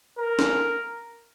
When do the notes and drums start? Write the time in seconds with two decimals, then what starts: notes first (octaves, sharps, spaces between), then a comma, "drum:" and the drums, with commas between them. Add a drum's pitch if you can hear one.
0.18 A#4
0.39 drum: snare D4